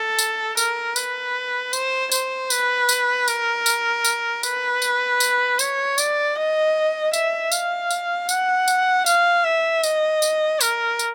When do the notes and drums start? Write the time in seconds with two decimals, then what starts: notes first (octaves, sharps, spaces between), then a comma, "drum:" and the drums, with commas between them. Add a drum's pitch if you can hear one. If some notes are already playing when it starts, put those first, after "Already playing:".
Already playing: A4
0.19 drum: tambourine
0.57 A#4, drum: tambourine
0.96 B4, drum: tambourine
1.73 C5, drum: tambourine
2.12 C5, drum: tambourine
2.50 B4, drum: tambourine
2.89 drum: tambourine
3.28 A#4, drum: tambourine
3.66 drum: tambourine
4.04 drum: tambourine
4.43 B4, drum: tambourine
4.82 drum: tambourine
5.20 drum: tambourine
5.59 C#5, drum: tambourine
5.98 D5, drum: tambourine
6.36 D#5
7.13 E5, drum: tambourine
7.52 F5, drum: tambourine
7.90 drum: tambourine
8.29 F#5, drum: tambourine
8.68 drum: tambourine
9.06 F5, drum: tambourine
9.44 E5
9.83 D#5, drum: tambourine
10.22 drum: tambourine
10.61 A#4, drum: tambourine
10.99 drum: tambourine